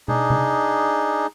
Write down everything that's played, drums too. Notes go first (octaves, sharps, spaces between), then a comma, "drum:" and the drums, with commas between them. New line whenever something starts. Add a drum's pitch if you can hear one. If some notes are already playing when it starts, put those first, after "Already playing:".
D4 D#4 G#4, drum: tom
drum: tom C3